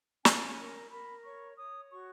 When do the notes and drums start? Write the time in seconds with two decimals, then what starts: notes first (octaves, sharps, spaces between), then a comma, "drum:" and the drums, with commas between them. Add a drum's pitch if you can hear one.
0.25 C#4 G#5, drum: snare
0.58 A#4
0.91 A#4 B5
1.25 C#5 C#6
1.58 C#5 D#6
1.91 F#4 C#6